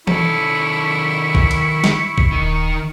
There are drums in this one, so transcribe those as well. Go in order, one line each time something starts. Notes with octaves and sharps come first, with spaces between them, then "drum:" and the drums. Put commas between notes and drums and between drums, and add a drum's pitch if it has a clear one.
D#3 E4 A4 C#6, drum: tom E3
drum: kick A#1
drum: cymbal
drum: snare
drum: kick A#1
D#1 D#3